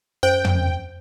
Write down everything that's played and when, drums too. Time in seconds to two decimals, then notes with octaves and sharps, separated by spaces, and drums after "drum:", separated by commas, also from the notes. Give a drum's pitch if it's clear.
0.23 F#2 C5 G5
0.44 drum: tom